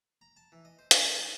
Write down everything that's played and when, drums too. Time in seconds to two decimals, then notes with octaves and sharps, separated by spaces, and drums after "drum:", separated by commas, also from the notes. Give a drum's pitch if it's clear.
0.21 A#5
0.37 A5
0.52 E3
0.65 D#5
0.79 C5
0.91 A#4, drum: hi-hat
1.03 G#3
1.20 D#4